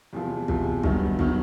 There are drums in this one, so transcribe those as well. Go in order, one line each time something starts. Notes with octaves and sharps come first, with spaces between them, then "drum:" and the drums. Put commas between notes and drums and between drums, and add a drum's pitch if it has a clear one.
E2 C3 F3
E2 C3 F3, drum: kick
G2 D#3 F#3 B3 D#4, drum: kick
D#3 F#3 B3 D#4, drum: kick